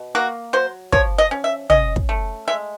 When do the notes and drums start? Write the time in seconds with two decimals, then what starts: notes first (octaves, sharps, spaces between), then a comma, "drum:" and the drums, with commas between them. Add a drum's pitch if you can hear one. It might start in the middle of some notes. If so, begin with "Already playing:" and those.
Already playing: B2
0.15 A#3 F#4
0.53 F#3 C5
0.92 F3 C#5, drum: kick
1.18 D#5
1.31 C#4
1.44 E5
1.70 C#4 D#5, drum: tom
1.96 drum: kick
2.09 A3
2.48 G#3 E5